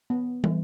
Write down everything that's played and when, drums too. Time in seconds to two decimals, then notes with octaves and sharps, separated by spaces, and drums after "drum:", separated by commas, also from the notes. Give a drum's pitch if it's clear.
0.10 B3
0.44 E3, drum: tom